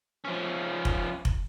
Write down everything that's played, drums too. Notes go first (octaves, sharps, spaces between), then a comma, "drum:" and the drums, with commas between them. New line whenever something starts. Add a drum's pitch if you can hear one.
F3 C#4
drum: kick F1
drum: kick F1